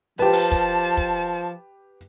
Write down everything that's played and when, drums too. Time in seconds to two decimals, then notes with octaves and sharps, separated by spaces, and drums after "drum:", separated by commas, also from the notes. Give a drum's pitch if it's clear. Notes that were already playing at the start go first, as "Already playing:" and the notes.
0.19 F3 G4 B4 A5
0.33 drum: open hi-hat
0.52 drum: kick
0.97 drum: kick